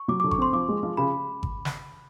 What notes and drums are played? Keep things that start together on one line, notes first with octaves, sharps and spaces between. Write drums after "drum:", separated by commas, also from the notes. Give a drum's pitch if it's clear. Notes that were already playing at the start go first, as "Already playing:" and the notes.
Already playing: C#6
F#3 D6
D3 D6
C#6, drum: kick G#1
C4 C6
F3 D6
G#3
F3
C#3 B5
drum: kick G#1
drum: snare